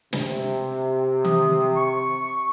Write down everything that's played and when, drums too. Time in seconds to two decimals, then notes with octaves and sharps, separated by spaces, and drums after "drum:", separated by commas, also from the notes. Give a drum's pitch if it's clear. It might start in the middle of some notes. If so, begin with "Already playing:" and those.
0.13 C3, drum: snare
1.25 D#6, drum: tom D#3
1.76 C#6